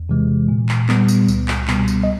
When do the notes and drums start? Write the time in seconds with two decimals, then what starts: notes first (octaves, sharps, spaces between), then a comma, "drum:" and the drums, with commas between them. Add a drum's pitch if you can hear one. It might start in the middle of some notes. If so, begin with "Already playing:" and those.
Already playing: E2
0.09 C3 E3 G#3
0.48 A#2
0.69 drum: clap
0.89 G3 B3, drum: clap
1.08 drum: tambourine
1.28 C#2, drum: tambourine
1.48 drum: clap
1.68 B2 G3 B3, drum: clap
1.88 drum: tambourine
2.04 D#5